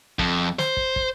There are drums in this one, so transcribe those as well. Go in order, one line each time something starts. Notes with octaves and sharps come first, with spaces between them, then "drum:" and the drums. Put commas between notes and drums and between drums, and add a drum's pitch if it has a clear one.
F2, drum: kick
C5, drum: snare
drum: kick
drum: kick